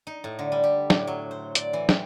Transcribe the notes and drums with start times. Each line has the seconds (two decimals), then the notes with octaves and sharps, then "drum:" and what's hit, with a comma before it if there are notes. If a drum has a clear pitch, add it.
0.07 D#4
0.24 A2
0.39 D3
0.52 G3
0.64 G4
0.90 A2, drum: snare
1.07 F#3
1.31 C5
1.55 D5, drum: hi-hat
1.73 E3
1.89 G4, drum: snare